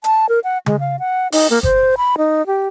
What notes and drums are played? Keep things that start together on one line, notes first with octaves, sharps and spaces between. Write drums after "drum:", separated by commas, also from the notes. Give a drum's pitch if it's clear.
A5, drum: hi-hat
A#4
F#5
G#3, drum: tom C#3
F5
F#5
D#4, drum: open hi-hat
A#3
C5, drum: kick G1
B5
D#4
G4